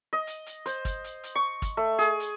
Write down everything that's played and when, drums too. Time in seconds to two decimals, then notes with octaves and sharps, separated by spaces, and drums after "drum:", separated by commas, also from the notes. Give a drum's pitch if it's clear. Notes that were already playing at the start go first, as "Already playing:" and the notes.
0.13 D#5
0.27 drum: hi-hat
0.46 drum: hi-hat
0.66 C5, drum: hi-hat
0.85 drum: kick, hi-hat
1.04 drum: hi-hat
1.23 drum: hi-hat
1.35 C#6
1.62 drum: kick, hi-hat
1.77 A3
1.99 G#4, drum: hi-hat
2.20 drum: hi-hat